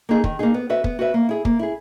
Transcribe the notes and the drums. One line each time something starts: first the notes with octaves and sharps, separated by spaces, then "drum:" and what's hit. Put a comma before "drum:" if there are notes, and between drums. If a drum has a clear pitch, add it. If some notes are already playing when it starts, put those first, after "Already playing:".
A#3 D#4 G#4
D#3, drum: kick
A#3 D#4 G#4
B3
F#4 B4 E5
B3, drum: kick
F#4 B4 E5
A#3
E4 G#4
A#3, drum: kick
E4 G#4